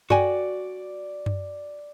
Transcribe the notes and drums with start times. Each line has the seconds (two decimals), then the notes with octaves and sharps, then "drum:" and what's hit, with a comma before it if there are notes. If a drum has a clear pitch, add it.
0.10 F#4 D5 G5 G#5, drum: tom F#2
1.26 drum: tom F#2